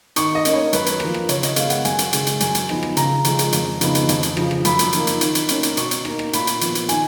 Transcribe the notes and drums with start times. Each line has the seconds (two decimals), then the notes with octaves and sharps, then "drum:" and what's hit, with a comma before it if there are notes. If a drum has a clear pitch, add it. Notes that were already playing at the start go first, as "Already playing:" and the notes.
0.16 D#3 C#6, drum: hi-hat
0.35 D#5
0.45 A#3 C#4, drum: hi-hat
0.53 C#5
0.73 F#2 B4, drum: hi-hat
0.86 drum: hi-hat
1.00 F3 A#3, drum: rim click
1.14 drum: rim click
1.29 C#3 C#5, drum: hi-hat
1.43 D#5, drum: hi-hat
1.56 G#3 B3 F5, drum: hi-hat
1.70 F#5, drum: hi-hat
1.85 F#2 G#5, drum: hi-hat
1.99 drum: hi-hat
2.13 C#3 G#3, drum: hi-hat
2.27 drum: hi-hat
2.40 F#2 G#5, drum: hi-hat
2.55 drum: hi-hat
2.69 F3 B3 D#4, drum: rim click
2.83 drum: rim click
2.97 C#3 A#5, drum: hi-hat
3.24 F3 G#3, drum: hi-hat
3.39 drum: hi-hat
3.52 F2, drum: hi-hat
3.81 C#3 F3 B3 D#4, drum: hi-hat
3.95 drum: hi-hat
4.09 F2, drum: hi-hat
4.23 drum: hi-hat
4.37 C#3 F3, drum: rim click
4.51 drum: rim click
4.65 F#2 B5, drum: hi-hat
4.79 drum: hi-hat
4.93 F3 A#3 D#4, drum: hi-hat
5.07 drum: hi-hat
5.21 D#3, drum: hi-hat
5.35 drum: hi-hat
5.49 A#3 C#4, drum: hi-hat
5.63 drum: hi-hat
5.77 B2 C#6, drum: hi-hat
5.91 drum: hi-hat
6.05 A#3 D#4, drum: rim click
6.19 drum: rim click
6.33 A#2 B5, drum: hi-hat
6.47 drum: hi-hat
6.61 F3 B3, drum: hi-hat
6.75 drum: hi-hat
6.89 D#3 G#5, drum: hi-hat